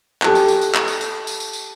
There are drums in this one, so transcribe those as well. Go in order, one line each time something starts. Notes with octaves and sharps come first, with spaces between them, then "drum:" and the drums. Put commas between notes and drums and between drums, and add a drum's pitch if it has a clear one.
G4 A4 F#6, drum: clap
drum: tambourine
drum: tambourine
drum: tambourine
drum: clap
drum: tambourine
drum: tambourine
drum: tambourine
drum: tambourine
drum: tambourine